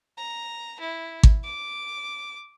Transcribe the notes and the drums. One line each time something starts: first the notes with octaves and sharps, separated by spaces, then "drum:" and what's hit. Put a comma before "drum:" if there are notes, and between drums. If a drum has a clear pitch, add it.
A#5
E4
drum: kick G#1
D6